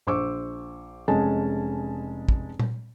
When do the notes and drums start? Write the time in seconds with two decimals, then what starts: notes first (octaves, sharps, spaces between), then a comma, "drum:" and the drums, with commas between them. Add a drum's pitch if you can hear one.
0.07 A#1 C5 C#6 D6 E6
1.08 F1 G#3 C#4 G#4 A5
2.29 drum: kick
2.60 drum: tom A#2